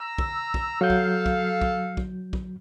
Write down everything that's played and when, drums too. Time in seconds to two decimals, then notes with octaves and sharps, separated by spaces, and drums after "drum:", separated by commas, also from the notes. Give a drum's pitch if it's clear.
0.01 A#5 E6
0.18 drum: kick
0.54 drum: kick
0.81 F#3 A4 F5 G6
0.90 drum: kick
1.26 drum: kick
1.62 drum: kick
1.97 drum: kick
2.33 drum: kick